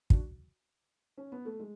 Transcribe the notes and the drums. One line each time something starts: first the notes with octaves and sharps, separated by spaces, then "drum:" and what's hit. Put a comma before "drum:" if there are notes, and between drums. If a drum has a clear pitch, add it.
D4 F#4, drum: kick
C#4
B3
A3
G#3